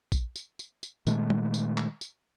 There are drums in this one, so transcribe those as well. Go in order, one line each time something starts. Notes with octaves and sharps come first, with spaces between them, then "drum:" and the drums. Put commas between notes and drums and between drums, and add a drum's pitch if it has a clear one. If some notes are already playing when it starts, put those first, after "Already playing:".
drum: kick A#1, tambourine
drum: tambourine
drum: tambourine
drum: tambourine
A#2 D#3 G#3 A3, drum: tambourine
drum: tom
drum: tambourine
drum: clap
drum: tambourine